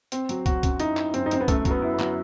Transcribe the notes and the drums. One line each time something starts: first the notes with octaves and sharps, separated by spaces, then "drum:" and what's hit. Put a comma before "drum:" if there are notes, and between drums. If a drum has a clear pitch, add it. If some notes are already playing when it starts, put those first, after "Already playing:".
C4, drum: hi-hat
F#3, drum: hi-hat
F#3 F#4, drum: kick, hi-hat
F#2, drum: kick, hi-hat
D#4 E4, drum: hi-hat
E4, drum: clap
F#2 C4, drum: hi-hat
D#4
F#2 C4, drum: hi-hat
B3
F#2 A3, drum: kick, hi-hat
F#3, drum: kick, hi-hat
B3
E4
B3
F#3, drum: clap